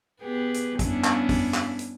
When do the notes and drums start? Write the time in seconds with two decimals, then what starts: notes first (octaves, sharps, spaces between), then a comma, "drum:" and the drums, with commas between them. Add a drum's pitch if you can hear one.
0.21 B3 G4 G#4 B4
0.54 drum: hi-hat
0.79 G3 B3 C#4 D4 E4, drum: kick, hi-hat
1.04 drum: clap
1.29 drum: kick, open hi-hat
1.54 drum: clap
1.79 drum: hi-hat